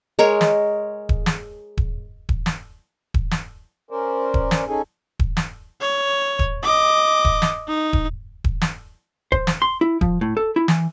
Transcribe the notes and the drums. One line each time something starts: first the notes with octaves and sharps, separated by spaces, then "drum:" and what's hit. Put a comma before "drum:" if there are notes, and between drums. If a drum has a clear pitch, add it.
G#3 A#4 C#5
drum: snare
drum: kick D#1
drum: snare
drum: kick D#1
drum: kick D#1
drum: snare
drum: kick D#1
drum: snare
C#4 A#4 C5 D5
drum: kick D#1
drum: snare
C#4 D#4 G#4 A4 G#5
drum: kick D#1
drum: snare
C#5
drum: kick D#1
D#5 D6
drum: kick D#1
drum: snare
D#4
drum: kick D#1
drum: kick D#1
drum: snare
C5, drum: kick D#1
drum: snare
C6
E4
F3, drum: kick D#1
A2
A4
E4
E3, drum: snare